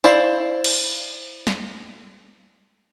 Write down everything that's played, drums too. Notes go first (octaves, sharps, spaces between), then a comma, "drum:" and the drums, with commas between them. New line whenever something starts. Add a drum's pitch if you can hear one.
E4 C5 D5 F5, drum: tambourine
drum: cymbal
drum: snare